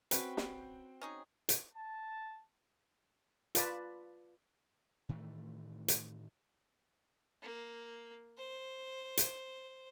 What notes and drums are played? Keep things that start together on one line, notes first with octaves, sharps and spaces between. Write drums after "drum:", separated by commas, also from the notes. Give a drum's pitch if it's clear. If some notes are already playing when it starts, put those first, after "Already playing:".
C4 C#4 F#4 B4 G5, drum: hi-hat
drum: snare
C#4 D#4 G#4
drum: hi-hat
A5
F4 B4 D5 A5 B5, drum: hi-hat
A2 D#3 E3 A3
drum: hi-hat
A#3
C5
drum: hi-hat